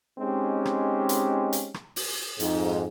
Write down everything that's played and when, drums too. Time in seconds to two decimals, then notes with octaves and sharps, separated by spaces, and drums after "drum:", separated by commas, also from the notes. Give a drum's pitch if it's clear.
0.19 G#3 C4 C#4 D#4 G4
0.65 drum: rim click
1.09 drum: hi-hat
1.53 drum: hi-hat
1.74 drum: rim click
1.96 drum: open hi-hat
2.40 F2 G#2, drum: hi-hat